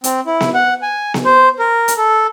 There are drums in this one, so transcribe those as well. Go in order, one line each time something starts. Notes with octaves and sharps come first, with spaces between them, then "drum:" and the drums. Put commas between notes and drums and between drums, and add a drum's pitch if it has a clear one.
C4, drum: hi-hat
E4
drum: snare B3
F#5
G#5
drum: snare B3
C5
A#4
drum: hi-hat
A4